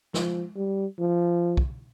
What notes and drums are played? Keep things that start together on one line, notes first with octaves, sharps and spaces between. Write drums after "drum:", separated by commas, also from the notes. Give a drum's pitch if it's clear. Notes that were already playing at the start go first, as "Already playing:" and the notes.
F3, drum: snare
G3
F3
drum: kick